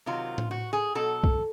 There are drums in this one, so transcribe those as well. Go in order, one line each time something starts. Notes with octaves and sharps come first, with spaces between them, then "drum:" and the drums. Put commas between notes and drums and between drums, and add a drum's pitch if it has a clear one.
C3 D#3 F#3 F4
drum: tom
F#4
G#4
B2 F#3 A4
drum: kick